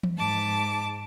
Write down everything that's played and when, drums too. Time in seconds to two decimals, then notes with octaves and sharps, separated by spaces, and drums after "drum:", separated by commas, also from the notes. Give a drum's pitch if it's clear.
0.03 drum: tom E3
0.16 G#2 A5 D6